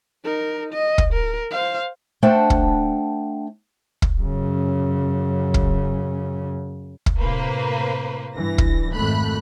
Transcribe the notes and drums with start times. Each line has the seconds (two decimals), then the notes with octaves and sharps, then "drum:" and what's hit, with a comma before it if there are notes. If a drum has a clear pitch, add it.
0.24 D#4 A#4
0.73 D#5
0.98 drum: kick
1.13 A#4
1.51 C5 F5
2.23 A3 D4 C5 F#5 G5 A5
2.50 drum: kick
4.02 drum: kick
4.21 F#2 C#3
5.54 drum: kick
7.06 drum: kick
7.19 A2 C3 A#3 B4 C5
8.37 G2 E3 A#6
8.58 drum: kick
8.93 G#1 F2 A3 B5 F#6